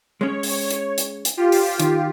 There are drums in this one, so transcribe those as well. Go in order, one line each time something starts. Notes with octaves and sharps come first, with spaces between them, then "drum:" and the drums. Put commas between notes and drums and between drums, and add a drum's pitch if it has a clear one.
G#3 C#4 C#5
drum: open hi-hat
drum: hi-hat
drum: hi-hat
drum: hi-hat
F4 G4
drum: open hi-hat
D#3, drum: hi-hat